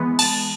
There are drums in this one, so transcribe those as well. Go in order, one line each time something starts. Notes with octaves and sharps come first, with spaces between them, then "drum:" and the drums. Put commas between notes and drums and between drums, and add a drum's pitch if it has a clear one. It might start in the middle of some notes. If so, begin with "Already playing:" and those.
Already playing: E3 G#3 B3
A5, drum: cymbal